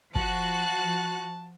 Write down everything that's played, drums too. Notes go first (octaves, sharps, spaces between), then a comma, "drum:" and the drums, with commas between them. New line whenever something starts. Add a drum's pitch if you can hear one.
F3 F#4 A5 F#6, drum: kick